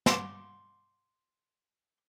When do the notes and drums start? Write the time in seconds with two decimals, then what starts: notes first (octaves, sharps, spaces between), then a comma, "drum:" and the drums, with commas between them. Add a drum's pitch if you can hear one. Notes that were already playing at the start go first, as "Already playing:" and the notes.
0.06 C6 D6, drum: snare